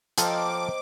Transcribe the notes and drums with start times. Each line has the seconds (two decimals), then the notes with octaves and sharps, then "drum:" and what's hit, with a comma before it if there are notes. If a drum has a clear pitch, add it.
0.18 F3 A4 C5 D#5 G5 A#5 D6 F6, drum: hi-hat